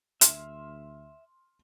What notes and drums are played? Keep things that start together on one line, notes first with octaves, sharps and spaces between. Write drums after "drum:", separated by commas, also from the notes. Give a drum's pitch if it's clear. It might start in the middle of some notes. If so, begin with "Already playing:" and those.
D2 E5 C6 F6, drum: hi-hat